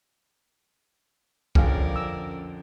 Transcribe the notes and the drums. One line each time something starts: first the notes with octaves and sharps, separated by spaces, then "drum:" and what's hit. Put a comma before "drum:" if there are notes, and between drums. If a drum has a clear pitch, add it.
F2 D3 C#4 G#4 A#4 D5 F5, drum: kick B1
E6